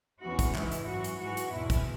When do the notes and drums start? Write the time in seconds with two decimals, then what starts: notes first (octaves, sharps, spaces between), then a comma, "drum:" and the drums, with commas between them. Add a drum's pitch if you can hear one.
0.22 E2 C#3 E3 F#4
0.39 drum: kick, hi-hat
0.55 G#2 E3 E4, drum: clap
0.72 drum: hi-hat
0.88 F#2 E3 F#4
1.04 drum: hi-hat
1.21 G#2 E3 F#4
1.37 drum: hi-hat
1.53 E2 B2 E4
1.70 drum: kick, hi-hat